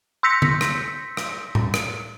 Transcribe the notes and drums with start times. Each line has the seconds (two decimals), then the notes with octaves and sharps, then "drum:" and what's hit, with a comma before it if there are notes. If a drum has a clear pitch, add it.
0.23 C6 E6 G6 A#6 B6 C#7
0.42 drum: tom D3
0.61 drum: rim click
1.17 drum: rim click
1.55 drum: tom A2
1.74 drum: rim click